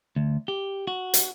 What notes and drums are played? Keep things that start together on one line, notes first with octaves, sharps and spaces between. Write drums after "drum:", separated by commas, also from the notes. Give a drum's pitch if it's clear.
D2
G4
F#4
drum: hi-hat